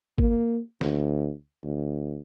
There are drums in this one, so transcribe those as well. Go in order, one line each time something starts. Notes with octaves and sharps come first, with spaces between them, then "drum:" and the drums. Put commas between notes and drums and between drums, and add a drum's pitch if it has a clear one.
A#3, drum: kick
D2, drum: snare
D2